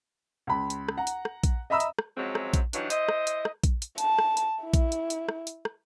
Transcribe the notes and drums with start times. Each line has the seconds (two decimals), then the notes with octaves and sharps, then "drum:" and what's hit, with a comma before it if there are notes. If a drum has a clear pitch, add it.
0.47 C#2 B5
0.70 drum: hi-hat
0.89 drum: rim click
0.98 F#5 A#5
1.07 drum: hi-hat
1.25 drum: rim click
1.44 drum: kick A#1, hi-hat
1.70 D#5 E5 A#5 B5 D#6 E6
1.80 drum: hi-hat
1.99 drum: rim click
2.17 F#2 F3 F#3 G#3 C4
2.35 drum: rim click
2.54 drum: kick A#1, hi-hat
2.73 G2 E3 F#3 D4 D#4, drum: hi-hat
2.90 E4 C5 D#5, drum: hi-hat
3.09 drum: rim click
3.27 drum: hi-hat
3.45 drum: rim click
3.64 drum: kick A#1, hi-hat
3.82 drum: hi-hat
3.98 A5, drum: hi-hat
4.19 drum: rim click
4.37 drum: hi-hat
4.64 E4
4.74 drum: kick A#1, hi-hat
4.92 drum: hi-hat
5.10 drum: hi-hat
5.29 drum: rim click
5.47 drum: hi-hat
5.65 drum: rim click